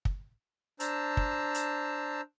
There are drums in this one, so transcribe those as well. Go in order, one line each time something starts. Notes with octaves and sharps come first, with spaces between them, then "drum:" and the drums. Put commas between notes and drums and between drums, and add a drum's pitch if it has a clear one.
drum: kick
D4 C5 A5 A#5 E6, drum: hi-hat
drum: kick
drum: hi-hat